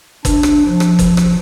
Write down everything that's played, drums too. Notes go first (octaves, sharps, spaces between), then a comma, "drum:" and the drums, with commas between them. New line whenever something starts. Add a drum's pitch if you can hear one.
D4, drum: kick G1, hi-hat
drum: rim click
F3
drum: rim click
drum: kick G1, hi-hat
drum: rim click